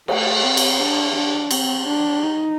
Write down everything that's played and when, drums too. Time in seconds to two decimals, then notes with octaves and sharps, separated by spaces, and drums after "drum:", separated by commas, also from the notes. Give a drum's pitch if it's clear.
0.08 A3, drum: cymbal
0.43 C4
0.57 drum: cymbal
0.79 D4
1.15 D4
1.51 C4, drum: cymbal
1.87 D4
2.22 D#4